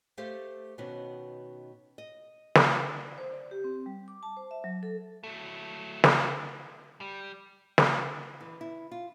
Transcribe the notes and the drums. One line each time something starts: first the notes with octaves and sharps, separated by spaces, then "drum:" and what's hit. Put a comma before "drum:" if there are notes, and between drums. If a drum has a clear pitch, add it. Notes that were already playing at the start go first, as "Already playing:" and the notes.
A3 G4 A4 C5 F5
B2 D#3 B3 C#4 F#4
D#5
drum: snare
D5
C5
D5
G4
C4
G3
D6
A5
C5
E5
F#3
A4
F#3 A3
drum: snare
G3
drum: snare
E3
E4
F4